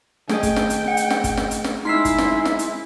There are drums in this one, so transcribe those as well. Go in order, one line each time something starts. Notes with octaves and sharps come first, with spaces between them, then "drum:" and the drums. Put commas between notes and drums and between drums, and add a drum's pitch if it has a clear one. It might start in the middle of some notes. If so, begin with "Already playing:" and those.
A3 G#4 D#5 G5, drum: snare
drum: kick G1, hi-hat
drum: snare
drum: hi-hat
F#5
drum: hi-hat
drum: snare
drum: kick G1, hi-hat
drum: snare
drum: hi-hat
drum: snare
G#3 D#4 E4 C6 E6 B6 C7
drum: kick G1, hi-hat
drum: snare
drum: snare
drum: hi-hat